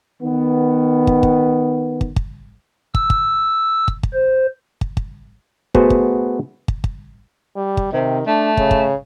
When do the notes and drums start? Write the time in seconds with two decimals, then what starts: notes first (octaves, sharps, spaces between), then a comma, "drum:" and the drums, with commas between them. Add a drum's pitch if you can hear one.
0.21 D#3 B3
1.07 drum: kick
1.23 drum: kick
2.01 drum: kick
2.16 drum: kick
2.94 E6, drum: kick
3.10 drum: kick
3.88 drum: kick
4.03 drum: kick
4.13 C5
4.81 drum: kick
4.97 drum: kick
5.74 A3 B3 F#4 G#4 B4 C5, drum: kick
5.90 drum: kick
6.68 drum: kick
6.84 drum: kick
7.56 G3
7.77 drum: kick
7.93 C3 D#3
8.27 A3 D4
8.57 C#3, drum: kick
8.71 drum: kick